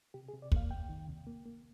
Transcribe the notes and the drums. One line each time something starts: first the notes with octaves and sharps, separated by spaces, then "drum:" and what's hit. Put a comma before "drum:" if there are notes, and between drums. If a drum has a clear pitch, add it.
C3 G4
G#4
C3
D5
A#3 F5, drum: kick
C2 G5
D#3
C3
A#3
A#3